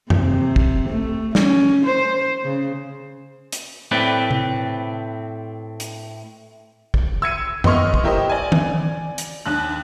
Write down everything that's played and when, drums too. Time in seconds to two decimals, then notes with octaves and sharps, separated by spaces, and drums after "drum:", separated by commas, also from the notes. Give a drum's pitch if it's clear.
0.10 C3, drum: tom F#2
0.56 drum: kick
0.89 A3
1.35 C#4, drum: snare
1.85 C5
2.43 C#3
3.52 drum: hi-hat
3.91 A2 C4 B4 D5
4.31 drum: tom C3
5.80 drum: hi-hat
6.94 drum: kick
7.22 E6 G#6 C#7 D#7
7.64 B3 D#5 C6 C#6 F6, drum: tom F#2
7.94 drum: kick
8.04 E4 G4 A#4 C5 D#5
8.29 D5 G#5
8.52 drum: tom D#3
9.18 drum: hi-hat
9.46 D#2 D4 F#6